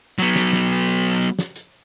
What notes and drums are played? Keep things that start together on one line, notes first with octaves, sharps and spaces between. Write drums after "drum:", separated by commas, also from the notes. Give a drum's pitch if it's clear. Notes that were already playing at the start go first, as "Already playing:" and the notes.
F#3 B3, drum: hi-hat
drum: snare
drum: snare
drum: hi-hat
drum: hi-hat
drum: snare
drum: hi-hat